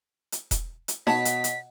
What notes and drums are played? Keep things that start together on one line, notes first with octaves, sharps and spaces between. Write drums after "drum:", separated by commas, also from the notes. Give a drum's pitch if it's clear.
drum: hi-hat
drum: kick E1, hi-hat
drum: hi-hat
B2 C#5 D#5 F#5 A5 B5 B6, drum: snare D#4
drum: hi-hat
drum: hi-hat